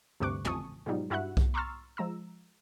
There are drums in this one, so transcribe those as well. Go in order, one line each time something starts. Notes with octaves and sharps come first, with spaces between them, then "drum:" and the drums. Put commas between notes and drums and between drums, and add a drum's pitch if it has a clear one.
D2 G2 C3 C#6 D6 F#6
A1 F2 G#5 A5 C#6 D#6, drum: tom
G#2 B2 F#3 G3 D#4 F4
G2 E4 F#4 E5 F#5 F#6
drum: kick B1
A#5 C6 C#6 E6 F6 A6
F3 G#3 A#5 E6